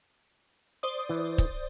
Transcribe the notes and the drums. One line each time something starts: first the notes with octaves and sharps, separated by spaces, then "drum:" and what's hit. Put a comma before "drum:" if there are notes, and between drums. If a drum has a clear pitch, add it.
C5 D5 D#6
E3
drum: kick